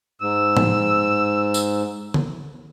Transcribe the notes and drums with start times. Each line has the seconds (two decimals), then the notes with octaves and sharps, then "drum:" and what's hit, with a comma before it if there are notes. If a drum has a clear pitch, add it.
0.22 G#2 E6
0.57 drum: tom A2
1.54 drum: tambourine
2.14 drum: tom D3